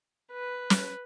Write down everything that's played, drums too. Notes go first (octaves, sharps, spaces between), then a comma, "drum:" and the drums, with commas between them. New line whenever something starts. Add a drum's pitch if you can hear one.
B4
drum: snare